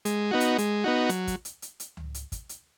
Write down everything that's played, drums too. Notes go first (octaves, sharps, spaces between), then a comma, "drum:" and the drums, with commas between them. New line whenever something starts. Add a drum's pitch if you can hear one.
G#3, drum: hi-hat
B3 D#4 F#4
drum: hi-hat
G#3, drum: hi-hat
B3 D#4 F#4
F#3, drum: hi-hat
drum: kick, hi-hat
drum: hi-hat
drum: hi-hat
drum: hi-hat
drum: tom C#2
drum: hi-hat
drum: kick, hi-hat
drum: hi-hat